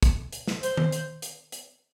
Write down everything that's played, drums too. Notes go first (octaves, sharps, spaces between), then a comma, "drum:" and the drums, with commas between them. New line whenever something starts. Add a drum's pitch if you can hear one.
drum: kick, hi-hat
drum: hi-hat
drum: snare
C5, drum: hi-hat
drum: tom D#3
drum: hi-hat
drum: hi-hat
drum: hi-hat